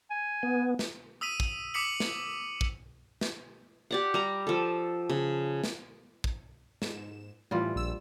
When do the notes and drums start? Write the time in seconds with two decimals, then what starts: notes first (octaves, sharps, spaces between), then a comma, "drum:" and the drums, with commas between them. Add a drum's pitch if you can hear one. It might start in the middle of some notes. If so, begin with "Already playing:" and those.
0.10 G#5
0.43 B3
0.79 drum: snare
1.21 D#6 E6 B6 D#7
1.40 drum: kick
1.74 D6 D#6 B6 C#7 F#7
2.00 drum: snare
2.61 drum: kick
3.21 drum: snare
3.91 G4 D5 F#5
4.14 G3 A#5
4.47 F3 A4
5.09 C#3
5.64 drum: snare
6.24 drum: kick
6.82 G#2 E7, drum: snare
7.51 A2 E3 G3 F4
7.75 A#1 E6